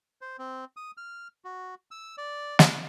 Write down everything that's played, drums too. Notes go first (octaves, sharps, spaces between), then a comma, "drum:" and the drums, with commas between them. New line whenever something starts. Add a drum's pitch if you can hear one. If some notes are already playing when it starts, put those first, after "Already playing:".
C5
C4
D#6
F6
F#4
E6
D5
D4, drum: snare